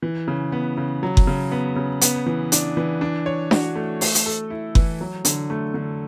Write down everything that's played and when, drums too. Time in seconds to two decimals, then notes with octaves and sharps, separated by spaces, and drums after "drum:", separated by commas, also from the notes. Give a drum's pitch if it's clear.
0.02 E3
0.28 C#3
0.52 B3
0.77 C#3
1.03 F#3
1.17 drum: kick F#1
1.27 C#3
1.52 B3
1.76 C#3
2.01 B3, drum: hi-hat
2.26 E3
2.52 D4, drum: hi-hat
2.77 E3
3.01 D4
3.26 C#5
3.51 F#4, drum: snare D4
3.75 A3
4.01 A3, drum: open hi-hat
4.15 drum: hi-hat
4.26 A4
4.50 E4
4.75 E3, drum: kick F#1
5.01 F#3
5.25 D3, drum: hi-hat
5.50 A3
5.74 D3